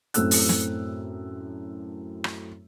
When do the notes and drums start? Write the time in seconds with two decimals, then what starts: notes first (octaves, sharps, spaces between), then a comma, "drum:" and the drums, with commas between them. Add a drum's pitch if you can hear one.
0.14 F#2 A2 A3 C4 E6 F#6, drum: hi-hat
0.31 drum: open hi-hat
0.49 drum: snare
2.24 drum: rim click